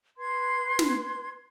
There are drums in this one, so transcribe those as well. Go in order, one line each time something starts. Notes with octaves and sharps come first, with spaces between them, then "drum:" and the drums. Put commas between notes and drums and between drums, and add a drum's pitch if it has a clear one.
B4 C6 G#6
drum: snare